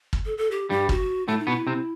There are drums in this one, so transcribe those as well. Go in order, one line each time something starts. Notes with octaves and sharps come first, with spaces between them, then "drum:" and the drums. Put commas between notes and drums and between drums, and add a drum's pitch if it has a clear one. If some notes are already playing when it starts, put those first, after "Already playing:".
drum: kick
A4
A4
G4
G2 G3 G4
F#4, drum: kick
A2 A3 E4
D#4
B2 B3
E4
C3 C4